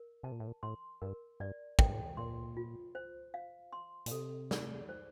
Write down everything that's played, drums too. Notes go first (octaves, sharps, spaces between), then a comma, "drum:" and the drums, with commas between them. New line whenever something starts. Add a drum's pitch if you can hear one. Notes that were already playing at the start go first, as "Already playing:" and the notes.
Already playing: A#4
C3 A5
A#2
A2
A#2
A2 C6
G2 A#4
G2 D5
A2 G5, drum: kick
G2
A2
A#2 C6
F4
C5
F5
C6
A#2, drum: hi-hat
C3 A4
D5, drum: snare
C5